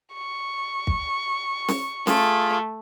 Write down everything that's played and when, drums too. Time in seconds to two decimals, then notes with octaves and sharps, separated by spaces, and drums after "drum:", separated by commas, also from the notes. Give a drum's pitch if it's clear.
0.14 C#6
0.87 drum: kick
1.68 drum: snare C#4
2.07 A3 F4 G#4, drum: snare C#4